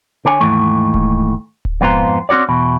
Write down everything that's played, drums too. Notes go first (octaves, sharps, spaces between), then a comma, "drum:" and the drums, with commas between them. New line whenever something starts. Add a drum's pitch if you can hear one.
D3 D4 C#5 G#5
D#2 G#2 E3 A3
drum: kick D1
drum: kick D1
F2 G#2 B3 F4 C5 A#5
C4 C#4 F#4 C#5 D5
E2 B2